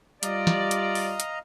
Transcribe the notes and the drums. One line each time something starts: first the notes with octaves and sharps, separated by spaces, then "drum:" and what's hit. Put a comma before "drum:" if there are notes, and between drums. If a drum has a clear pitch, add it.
G3 F4 D5 D#5 F5 A#5, drum: hi-hat
drum: snare
drum: hi-hat
drum: open hi-hat
drum: hi-hat